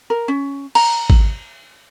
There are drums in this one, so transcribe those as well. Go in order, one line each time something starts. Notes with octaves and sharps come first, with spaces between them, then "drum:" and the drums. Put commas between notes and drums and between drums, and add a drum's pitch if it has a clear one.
A#4
C#4
A#5, drum: cymbal
drum: kick G#1